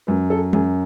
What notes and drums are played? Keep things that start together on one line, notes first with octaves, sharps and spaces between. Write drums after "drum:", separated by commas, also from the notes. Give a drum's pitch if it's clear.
F#2 B4
A4
F#2 G#4, drum: tom